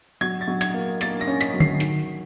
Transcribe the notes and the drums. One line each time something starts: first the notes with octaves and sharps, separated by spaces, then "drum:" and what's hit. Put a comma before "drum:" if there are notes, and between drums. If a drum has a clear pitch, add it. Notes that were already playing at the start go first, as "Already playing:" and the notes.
F#3 G#6
A6
F#3
G#6, drum: hi-hat
A#3
A#3 A6, drum: hi-hat
A#6
C#4
B6, drum: hi-hat
F#3
C7, drum: tom D3
D#3, drum: hi-hat